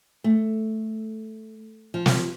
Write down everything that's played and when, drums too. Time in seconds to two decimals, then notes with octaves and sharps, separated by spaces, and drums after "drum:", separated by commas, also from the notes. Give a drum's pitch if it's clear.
0.24 A3
1.94 F3
2.06 drum: snare